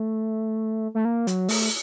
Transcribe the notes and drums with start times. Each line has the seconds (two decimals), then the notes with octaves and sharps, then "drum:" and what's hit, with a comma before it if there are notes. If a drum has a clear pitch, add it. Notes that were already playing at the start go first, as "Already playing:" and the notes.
Already playing: A3
0.95 A3
1.05 A#3
1.27 F#3, drum: hi-hat
1.49 A3, drum: open hi-hat